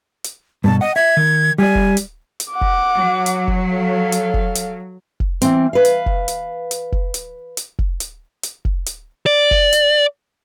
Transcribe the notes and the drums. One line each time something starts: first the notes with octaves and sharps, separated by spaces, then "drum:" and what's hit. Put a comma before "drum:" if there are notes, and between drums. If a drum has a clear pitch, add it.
drum: hi-hat
G2 B2 A5
D#5 F#5
E5 G#6
D#3
G3 D5 G#5
drum: kick
drum: hi-hat
drum: hi-hat
F#5 D6
drum: kick
F#3
drum: hi-hat
drum: kick
A4 F5
drum: hi-hat
drum: kick
drum: hi-hat
drum: kick
E3 C4, drum: hi-hat
B4 F5
drum: hi-hat
drum: kick
drum: hi-hat
drum: hi-hat
drum: kick
drum: hi-hat
drum: hi-hat
drum: kick
drum: hi-hat
drum: hi-hat
drum: kick
drum: hi-hat
D5
drum: kick
drum: hi-hat